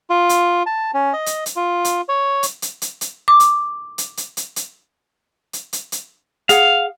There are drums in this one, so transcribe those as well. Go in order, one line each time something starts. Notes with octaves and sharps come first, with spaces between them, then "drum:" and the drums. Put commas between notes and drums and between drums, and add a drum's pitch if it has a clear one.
F4
drum: hi-hat
A5
C#4
D#5
drum: hi-hat
drum: hi-hat
F4
drum: hi-hat
C#5
drum: hi-hat
drum: hi-hat
drum: hi-hat
drum: hi-hat
D6
drum: hi-hat
drum: hi-hat
drum: hi-hat
drum: hi-hat
drum: hi-hat
drum: hi-hat
drum: hi-hat
drum: hi-hat
G#4 F5 F#5, drum: hi-hat